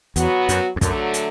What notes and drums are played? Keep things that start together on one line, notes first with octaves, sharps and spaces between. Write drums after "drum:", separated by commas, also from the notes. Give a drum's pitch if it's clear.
E2 F#3 B3 F#4, drum: hi-hat
F#2, drum: hi-hat
E2
F#2 D3 F#3 A3, drum: kick, hi-hat
drum: hi-hat